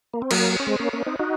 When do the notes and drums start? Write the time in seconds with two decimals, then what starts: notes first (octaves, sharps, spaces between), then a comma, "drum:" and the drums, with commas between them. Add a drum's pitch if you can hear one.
0.14 A#3
0.22 C4
0.31 F#3 A#3, drum: cymbal
0.60 C#4
0.67 G#3 C4
0.79 A#3 C#4
0.93 A#3 C#4
1.07 C4 D#4
1.19 D#4 F#4